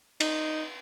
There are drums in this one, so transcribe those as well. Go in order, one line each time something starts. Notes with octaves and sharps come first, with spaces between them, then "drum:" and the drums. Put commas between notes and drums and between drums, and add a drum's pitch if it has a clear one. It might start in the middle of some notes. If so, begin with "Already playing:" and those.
D#4, drum: cymbal